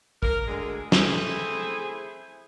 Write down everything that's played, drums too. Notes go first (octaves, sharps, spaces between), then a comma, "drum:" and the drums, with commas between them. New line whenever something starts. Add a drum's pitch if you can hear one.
A#4, drum: kick
D2 D3 G#3
A3 C4 E4 G#4 C5, drum: snare